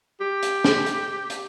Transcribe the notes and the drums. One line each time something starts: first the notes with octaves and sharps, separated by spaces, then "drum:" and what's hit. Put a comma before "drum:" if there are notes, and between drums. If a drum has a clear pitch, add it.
G4
drum: hi-hat
drum: snare
drum: hi-hat
drum: hi-hat